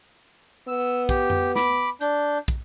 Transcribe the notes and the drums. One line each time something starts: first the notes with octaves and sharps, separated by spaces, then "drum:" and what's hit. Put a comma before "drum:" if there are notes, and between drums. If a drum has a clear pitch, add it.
B3 E6
G4, drum: kick, hi-hat
drum: tom F2
B5 D6, drum: snare
D4 G6, drum: hi-hat
drum: kick, hi-hat